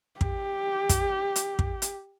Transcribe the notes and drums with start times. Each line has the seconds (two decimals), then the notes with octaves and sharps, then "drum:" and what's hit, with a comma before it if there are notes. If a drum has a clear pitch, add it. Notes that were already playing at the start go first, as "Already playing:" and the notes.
0.21 G4, drum: kick
0.89 drum: kick, hi-hat
1.36 drum: hi-hat
1.59 drum: kick
1.82 drum: hi-hat